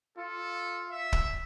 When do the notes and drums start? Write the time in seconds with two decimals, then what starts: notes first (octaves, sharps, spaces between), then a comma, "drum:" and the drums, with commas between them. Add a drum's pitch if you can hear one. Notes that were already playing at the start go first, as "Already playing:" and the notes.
0.17 F4 A4
0.90 E5
1.13 drum: kick